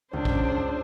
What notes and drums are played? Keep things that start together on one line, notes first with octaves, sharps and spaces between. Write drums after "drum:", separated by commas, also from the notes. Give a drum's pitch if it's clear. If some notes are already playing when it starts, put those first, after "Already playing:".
C#2 D4 C5
drum: kick A#1